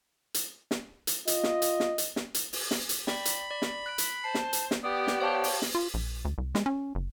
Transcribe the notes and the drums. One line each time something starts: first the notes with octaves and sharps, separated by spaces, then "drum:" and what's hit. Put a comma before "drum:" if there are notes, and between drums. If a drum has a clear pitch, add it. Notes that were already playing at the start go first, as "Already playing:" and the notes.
drum: hi-hat
drum: snare
drum: hi-hat
F4 D#5, drum: hi-hat
drum: snare
drum: hi-hat
drum: snare
drum: hi-hat
drum: snare
drum: hi-hat
drum: open hi-hat
drum: snare
drum: hi-hat
D5 G5 B5, drum: snare
drum: hi-hat
D5
drum: snare
F#6 B6 D7
drum: hi-hat
C5 A5 C7
drum: snare
drum: hi-hat
drum: snare
B3 G4 D5 D#6
drum: snare
C5 C#5 F5 A5
drum: open hi-hat
drum: snare
F4
A#1
D2
C2
G#3, drum: snare
C#4
F#1